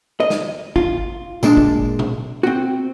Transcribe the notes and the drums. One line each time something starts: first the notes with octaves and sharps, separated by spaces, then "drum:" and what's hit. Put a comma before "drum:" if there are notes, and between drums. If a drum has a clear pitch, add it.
D#5
drum: snare
F4, drum: kick
A#2 G#3 D4, drum: tambourine
drum: kick
drum: tom
C4 F#4